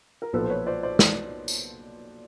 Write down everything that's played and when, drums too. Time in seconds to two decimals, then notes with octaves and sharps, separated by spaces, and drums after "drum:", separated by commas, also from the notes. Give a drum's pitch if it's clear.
0.22 A#4
0.33 B1 A#2 F3 A4 B4
0.44 C5
0.50 B4 C#5
0.67 C5 D5
0.83 C5 D5
0.99 D5, drum: snare
1.48 drum: tambourine